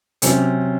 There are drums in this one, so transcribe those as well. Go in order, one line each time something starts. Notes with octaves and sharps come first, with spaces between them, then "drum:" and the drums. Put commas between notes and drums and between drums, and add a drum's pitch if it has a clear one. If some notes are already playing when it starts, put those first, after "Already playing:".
C3 F#3 C#4 C5, drum: hi-hat